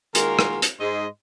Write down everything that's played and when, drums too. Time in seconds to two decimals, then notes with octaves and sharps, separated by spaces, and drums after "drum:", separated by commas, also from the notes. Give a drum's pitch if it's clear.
0.15 D#3 G#3 A#3 F4 F#4 A#4, drum: hi-hat
0.39 drum: rim click
0.62 drum: hi-hat
0.80 G#2 D#5 C6